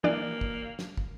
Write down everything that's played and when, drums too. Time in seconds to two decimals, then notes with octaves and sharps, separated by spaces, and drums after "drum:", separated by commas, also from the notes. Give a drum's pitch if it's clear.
0.04 E3 A#3 D4 D5
0.41 drum: kick
0.79 drum: snare
0.97 drum: kick